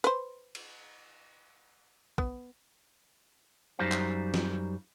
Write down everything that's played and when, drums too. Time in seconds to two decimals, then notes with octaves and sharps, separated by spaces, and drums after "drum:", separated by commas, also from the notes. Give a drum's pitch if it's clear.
0.04 B4 C5, drum: hi-hat
0.55 drum: cymbal
2.18 B3, drum: kick
3.79 F#2 G3 D#4 C5 F5
3.92 drum: clap
4.34 drum: snare